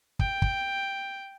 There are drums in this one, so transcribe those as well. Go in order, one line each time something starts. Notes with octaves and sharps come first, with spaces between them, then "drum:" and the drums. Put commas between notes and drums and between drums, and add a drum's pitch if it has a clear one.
G5, drum: kick
drum: kick